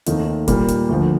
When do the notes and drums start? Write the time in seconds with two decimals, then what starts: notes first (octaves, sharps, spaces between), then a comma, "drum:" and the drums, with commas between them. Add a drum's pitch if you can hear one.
0.06 D#2 D#3 A3 C4 D#4, drum: hi-hat
0.48 A#2 G3 A#3, drum: kick F1, hi-hat
0.68 drum: hi-hat
0.89 D2 D3 F3